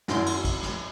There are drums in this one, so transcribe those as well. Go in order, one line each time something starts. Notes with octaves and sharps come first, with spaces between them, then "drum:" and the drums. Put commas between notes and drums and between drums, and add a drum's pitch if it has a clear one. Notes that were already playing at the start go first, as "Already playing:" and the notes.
G#1 F#2 E4 C6, drum: snare
drum: cymbal
drum: kick, cymbal
drum: snare